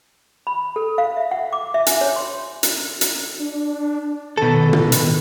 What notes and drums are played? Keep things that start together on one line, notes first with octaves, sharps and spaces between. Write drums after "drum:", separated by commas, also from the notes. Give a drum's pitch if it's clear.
B5
A4
F5
E5
F#5
D6
E5
G#5, drum: hi-hat
C#5
C6
drum: hi-hat
drum: hi-hat
D4
B2 D#3 A4
drum: tom
drum: hi-hat